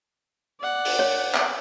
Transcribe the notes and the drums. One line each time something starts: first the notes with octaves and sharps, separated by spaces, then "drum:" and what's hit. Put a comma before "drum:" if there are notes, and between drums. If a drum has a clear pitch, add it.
D5 F#5
drum: open hi-hat
C#5
drum: clap